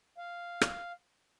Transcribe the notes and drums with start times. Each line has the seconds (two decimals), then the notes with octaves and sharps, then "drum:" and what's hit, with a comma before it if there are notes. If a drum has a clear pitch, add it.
0.18 F5
0.61 drum: rim click